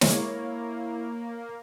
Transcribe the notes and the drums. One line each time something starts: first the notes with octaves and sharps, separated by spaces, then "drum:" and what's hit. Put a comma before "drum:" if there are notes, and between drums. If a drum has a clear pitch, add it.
G#3 A#3 E4 C#5, drum: snare